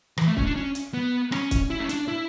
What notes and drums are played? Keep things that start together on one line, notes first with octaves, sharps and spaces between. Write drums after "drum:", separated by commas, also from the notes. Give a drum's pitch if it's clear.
E3, drum: rim click
A3
C#4, drum: kick
D4
C#4
drum: hi-hat
B3
C#4, drum: rim click
drum: kick, hi-hat
E4
C#4
D4, drum: hi-hat
E4